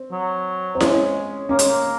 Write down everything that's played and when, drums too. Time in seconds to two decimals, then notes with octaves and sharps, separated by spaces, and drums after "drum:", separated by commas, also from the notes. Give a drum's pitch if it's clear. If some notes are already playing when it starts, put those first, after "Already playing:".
Already playing: C4
0.12 F#3
0.75 C4
0.80 G#3 C#4, drum: snare E4
1.49 A#3 C#4
1.59 G#3, drum: hi-hat
1.69 A#3